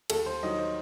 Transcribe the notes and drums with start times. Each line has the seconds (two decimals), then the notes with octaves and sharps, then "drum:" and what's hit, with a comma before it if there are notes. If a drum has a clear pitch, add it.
0.10 D#2 A4, drum: cymbal
0.26 C5
0.43 D#3 F#3 D#5
0.58 C5